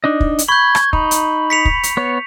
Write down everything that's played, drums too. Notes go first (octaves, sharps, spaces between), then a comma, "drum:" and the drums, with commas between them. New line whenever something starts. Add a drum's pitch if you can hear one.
D4 D#4 D#5
drum: kick
drum: hi-hat
B5 C#6 G6 G#6
drum: rim click
D#4 B5, drum: kick
drum: hi-hat
B6 C#7 F7
drum: kick
drum: hi-hat
B3 C#5